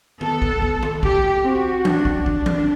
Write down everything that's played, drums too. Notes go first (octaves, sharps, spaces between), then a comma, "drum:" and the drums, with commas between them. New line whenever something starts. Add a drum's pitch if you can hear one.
B3 A4, drum: tom D#3
drum: kick
drum: kick
drum: tom D#3
G4, drum: kick
C4 F#4
D4, drum: tom E3
drum: kick
D4, drum: kick
drum: tom E3